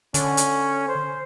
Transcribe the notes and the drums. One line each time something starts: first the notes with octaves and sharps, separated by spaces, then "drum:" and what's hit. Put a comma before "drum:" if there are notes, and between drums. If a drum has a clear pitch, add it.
D3 C#4, drum: hi-hat
drum: hi-hat
C5